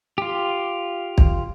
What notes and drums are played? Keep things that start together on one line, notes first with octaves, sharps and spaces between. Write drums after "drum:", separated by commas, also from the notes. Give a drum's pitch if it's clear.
F4 G4
drum: kick